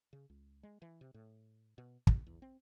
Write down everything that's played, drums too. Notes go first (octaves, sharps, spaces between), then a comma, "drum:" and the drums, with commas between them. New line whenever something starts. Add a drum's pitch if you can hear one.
C#3
C#2
G#3
E3
C3
A2
B2
A#1, drum: kick
E2
C4